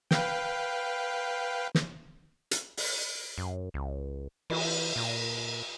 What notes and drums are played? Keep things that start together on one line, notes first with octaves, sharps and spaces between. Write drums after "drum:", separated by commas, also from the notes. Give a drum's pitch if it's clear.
B4 F5 G5, drum: snare
drum: snare
drum: hi-hat
drum: open hi-hat
F#2
C#2
E3, drum: cymbal
A#2